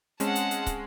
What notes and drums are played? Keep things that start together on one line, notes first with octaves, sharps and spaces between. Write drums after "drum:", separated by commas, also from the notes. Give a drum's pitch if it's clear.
G#3 C4 C#4 F#5 A5, drum: hi-hat
drum: hi-hat
drum: hi-hat
drum: kick, hi-hat